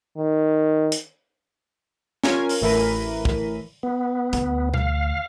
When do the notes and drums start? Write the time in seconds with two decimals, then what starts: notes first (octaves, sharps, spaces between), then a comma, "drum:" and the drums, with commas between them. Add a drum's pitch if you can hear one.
0.17 D#3
0.92 drum: hi-hat
2.24 C#4 F4 A#4 G#5 G#6, drum: snare
2.49 drum: open hi-hat
2.62 A1 A2 E3 A#4 B5 D#7
3.25 drum: kick
3.83 B3
4.33 D2, drum: hi-hat
4.74 F5, drum: tom B2